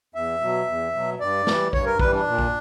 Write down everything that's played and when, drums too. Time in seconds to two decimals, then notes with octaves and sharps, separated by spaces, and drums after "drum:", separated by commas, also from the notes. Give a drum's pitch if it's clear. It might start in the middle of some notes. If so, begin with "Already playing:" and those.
0.15 E2 E5
0.41 B2 F#3
0.67 E2
0.94 B2 F#3
1.20 G2 D5
1.47 E3 G3, drum: snare
1.73 G2 C#5, drum: kick
1.86 A#4
1.99 E3 G3 B4, drum: kick
2.13 D4
2.26 A#2
2.39 drum: kick